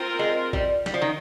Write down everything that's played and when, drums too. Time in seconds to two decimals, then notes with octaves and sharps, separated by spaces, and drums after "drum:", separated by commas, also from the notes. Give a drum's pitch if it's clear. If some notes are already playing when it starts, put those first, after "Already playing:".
Already playing: C4 F4 A#4
0.19 G#3
0.53 G3, drum: kick
0.86 G3, drum: snare
0.94 F3
1.02 D#3